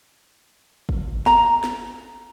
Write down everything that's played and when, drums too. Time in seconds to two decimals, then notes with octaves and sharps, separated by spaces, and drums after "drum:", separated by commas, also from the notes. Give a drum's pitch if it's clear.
0.89 drum: kick
1.26 A#5, drum: snare
1.64 drum: snare